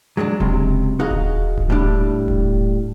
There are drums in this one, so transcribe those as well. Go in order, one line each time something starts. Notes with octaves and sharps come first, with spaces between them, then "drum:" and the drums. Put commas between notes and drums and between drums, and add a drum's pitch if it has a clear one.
F#3 G#3 B3 D4
C#2 C3 F#3, drum: kick D#1
D#4 F#4 G#4 D#5 F5
drum: kick D#1
drum: kick D#1
A2 G3 D4
drum: kick D#1